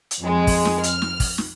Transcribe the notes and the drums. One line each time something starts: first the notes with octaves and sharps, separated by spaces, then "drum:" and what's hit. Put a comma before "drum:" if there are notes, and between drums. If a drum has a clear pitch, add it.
drum: hi-hat
F2 G#3
drum: kick, open hi-hat
drum: snare
F6, drum: hi-hat
drum: snare
drum: kick, open hi-hat
drum: snare